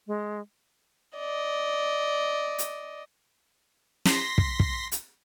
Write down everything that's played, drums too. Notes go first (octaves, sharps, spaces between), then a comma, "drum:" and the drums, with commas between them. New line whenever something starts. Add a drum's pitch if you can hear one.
G#3
D5 D#5
drum: hi-hat
C6 A#6 B6, drum: snare
drum: kick
drum: kick
drum: hi-hat